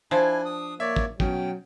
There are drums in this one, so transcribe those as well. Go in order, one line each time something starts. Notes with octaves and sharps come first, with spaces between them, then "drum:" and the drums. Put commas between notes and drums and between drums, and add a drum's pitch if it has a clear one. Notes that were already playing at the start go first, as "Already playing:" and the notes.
F3 D4 E4 G#5
D#6
A#3 C#5 D5 E5
drum: kick
B2 F#3 C#4 G5, drum: kick